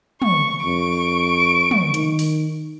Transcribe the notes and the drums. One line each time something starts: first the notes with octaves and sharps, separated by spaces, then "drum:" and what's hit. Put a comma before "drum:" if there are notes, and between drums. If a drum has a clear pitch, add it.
C#6, drum: tom
F2 C#6 D7
drum: tom
D#3, drum: hi-hat
drum: open hi-hat